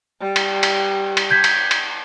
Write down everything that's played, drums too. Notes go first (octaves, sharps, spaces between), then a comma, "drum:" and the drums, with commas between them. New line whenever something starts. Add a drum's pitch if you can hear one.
G3
drum: cymbal
drum: cymbal
drum: cymbal
G6 G#6 B6
drum: cymbal
drum: cymbal